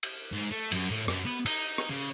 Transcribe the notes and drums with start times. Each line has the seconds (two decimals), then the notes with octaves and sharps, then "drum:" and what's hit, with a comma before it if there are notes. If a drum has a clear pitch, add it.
0.03 drum: cymbal
0.32 G#2
0.51 A3
0.72 F#2, drum: cymbal
0.90 A2
1.08 F#2, drum: rim click
1.25 B3
1.46 D#4, drum: cymbal
1.78 drum: rim click
1.89 C#3